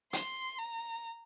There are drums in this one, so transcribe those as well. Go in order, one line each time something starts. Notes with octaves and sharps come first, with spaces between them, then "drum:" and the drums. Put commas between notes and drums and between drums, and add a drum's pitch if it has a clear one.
C6, drum: hi-hat
A#5